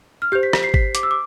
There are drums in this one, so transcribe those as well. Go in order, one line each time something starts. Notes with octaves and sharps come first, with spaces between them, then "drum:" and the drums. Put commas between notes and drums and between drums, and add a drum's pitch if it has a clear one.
F6
G4 C5 G6
B6
B6, drum: rim click
C7
B6, drum: kick G#1
D6, drum: hi-hat
E6
D6